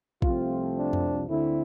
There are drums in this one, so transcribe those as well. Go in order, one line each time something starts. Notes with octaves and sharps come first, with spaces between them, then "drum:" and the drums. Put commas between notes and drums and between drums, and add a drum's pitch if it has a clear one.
C2 C3 F3 A3 C4 F4, drum: kick
D4
drum: tom F2
D2 D3 A3 C4 E4